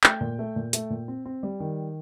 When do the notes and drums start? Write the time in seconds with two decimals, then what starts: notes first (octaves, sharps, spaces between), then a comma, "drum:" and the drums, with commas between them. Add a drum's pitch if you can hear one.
0.04 A3 G5 G6, drum: clap
0.21 A#2
0.39 A3
0.56 A#2
0.73 A3, drum: hi-hat
0.90 A#2
1.08 C4
1.26 C4
1.43 G3
1.60 D#3